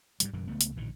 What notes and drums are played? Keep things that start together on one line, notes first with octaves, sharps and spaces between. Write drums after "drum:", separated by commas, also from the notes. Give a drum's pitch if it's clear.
G#2 D3 G3, drum: hi-hat
F#1 F#2 B2 D#3
C#2 A3 B3
drum: hi-hat
A#1 A2 D3 D#3